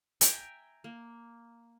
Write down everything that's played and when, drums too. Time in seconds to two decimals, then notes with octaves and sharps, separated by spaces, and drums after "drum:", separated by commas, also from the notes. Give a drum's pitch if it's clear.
0.21 E5 G5 G#5 A#5, drum: hi-hat
0.84 A#3